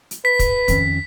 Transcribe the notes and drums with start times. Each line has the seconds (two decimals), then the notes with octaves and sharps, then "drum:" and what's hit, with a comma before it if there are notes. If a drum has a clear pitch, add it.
0.11 drum: hi-hat
0.25 B4 B6
0.39 drum: kick, hi-hat
0.68 F2 D#3 C#4, drum: kick, hi-hat